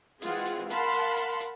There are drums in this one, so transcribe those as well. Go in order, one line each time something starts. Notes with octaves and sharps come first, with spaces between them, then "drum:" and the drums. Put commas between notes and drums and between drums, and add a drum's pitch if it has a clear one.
E3 G#3 C4 F4 G#4 F#5, drum: hi-hat
drum: hi-hat
A#4 F5 F#5 A5 B5 C6, drum: hi-hat
drum: hi-hat
drum: hi-hat
drum: hi-hat